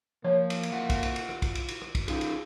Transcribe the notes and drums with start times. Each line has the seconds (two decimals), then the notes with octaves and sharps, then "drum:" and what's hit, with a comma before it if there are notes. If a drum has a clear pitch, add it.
0.24 F3 A#3 C#5
0.50 drum: cymbal
0.63 drum: cymbal
0.72 F4 E5 F#5
0.90 drum: kick, cymbal
1.03 drum: cymbal
1.16 drum: cymbal
1.29 drum: rim click
1.42 drum: kick, cymbal
1.55 drum: cymbal
1.68 drum: cymbal
1.82 drum: rim click
1.95 drum: kick, cymbal
2.08 C#4 D#4 F4 G#4, drum: cymbal
2.21 drum: cymbal